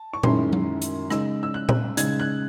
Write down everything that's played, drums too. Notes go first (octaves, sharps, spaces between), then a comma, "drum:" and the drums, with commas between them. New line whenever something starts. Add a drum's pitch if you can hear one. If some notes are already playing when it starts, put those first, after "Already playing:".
Already playing: A5
C#6
F#2 D#3 G#3 C#4 E4 C6, drum: tom A#2
drum: tom F#3
drum: hi-hat
C#3 G#3 D#4 E6, drum: rim click
E6
F#6
drum: tom A#2
C#3 G#3 D#4 G#6, drum: hi-hat
F#6